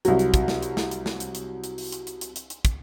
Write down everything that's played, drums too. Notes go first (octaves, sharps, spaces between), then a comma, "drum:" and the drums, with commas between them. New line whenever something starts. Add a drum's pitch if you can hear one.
C2 F#3, drum: hi-hat
drum: hi-hat
drum: kick, hi-hat
drum: snare
drum: hi-hat
drum: snare
drum: hi-hat
drum: snare
drum: hi-hat
drum: hi-hat
drum: hi-hat
drum: open hi-hat
drum: hi-hat
drum: hi-hat
drum: hi-hat
drum: hi-hat
drum: hi-hat
drum: kick, hi-hat